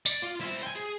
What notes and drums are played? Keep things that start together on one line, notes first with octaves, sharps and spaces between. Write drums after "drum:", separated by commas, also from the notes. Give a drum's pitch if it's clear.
D5, drum: tambourine
F4
E4 C5
G5 G#5
G#4